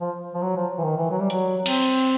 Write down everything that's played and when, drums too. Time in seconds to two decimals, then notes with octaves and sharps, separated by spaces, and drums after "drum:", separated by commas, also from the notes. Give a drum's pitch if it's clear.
0.01 F3
0.34 F3
0.42 F#3
0.56 F3
0.78 E3
0.83 D#3
0.97 E3
1.11 F#3
1.20 G3
1.30 F#3, drum: hi-hat
1.66 C4, drum: cymbal